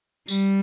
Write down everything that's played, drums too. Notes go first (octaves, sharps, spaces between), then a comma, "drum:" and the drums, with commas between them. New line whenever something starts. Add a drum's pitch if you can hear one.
G3, drum: tambourine